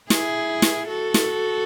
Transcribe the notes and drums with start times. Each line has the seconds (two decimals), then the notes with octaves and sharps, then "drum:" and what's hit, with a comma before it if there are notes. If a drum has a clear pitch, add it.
0.10 E4 G#4, drum: snare
0.62 drum: snare
0.88 F#4 A4
1.14 drum: snare